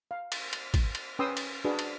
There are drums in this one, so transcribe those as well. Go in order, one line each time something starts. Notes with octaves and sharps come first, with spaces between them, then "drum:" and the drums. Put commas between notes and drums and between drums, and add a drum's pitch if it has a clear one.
F5
drum: cymbal
drum: cymbal
drum: kick, cymbal
drum: cymbal
C#4 B4 G5 C6 D#6 E6
drum: cymbal
D4 F#4 G#4 B4
drum: cymbal